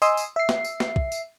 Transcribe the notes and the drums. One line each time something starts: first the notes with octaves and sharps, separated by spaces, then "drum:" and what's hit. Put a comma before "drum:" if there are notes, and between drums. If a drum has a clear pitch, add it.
D#5 G#5 C6 D#6 E6, drum: tambourine
drum: tambourine
E5 C7
drum: snare
drum: tambourine
drum: snare
drum: kick
drum: tambourine